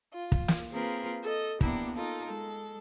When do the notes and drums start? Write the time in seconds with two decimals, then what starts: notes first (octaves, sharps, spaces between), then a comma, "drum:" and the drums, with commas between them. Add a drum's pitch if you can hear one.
0.14 F4
0.32 drum: kick
0.48 drum: snare
0.71 A#3 C4 F4 G#4 A#4 B4
1.24 A4 D#5
1.61 A#3 B3 D4 E4 G4 A#4, drum: kick
1.95 D#4 F4 A4 A#4
2.26 G#3 A4